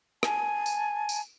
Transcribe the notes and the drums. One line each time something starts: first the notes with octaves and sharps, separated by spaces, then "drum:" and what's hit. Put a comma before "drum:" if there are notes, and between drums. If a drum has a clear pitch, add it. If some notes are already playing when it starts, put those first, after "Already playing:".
G#5 A5, drum: rim click
drum: tambourine
drum: tambourine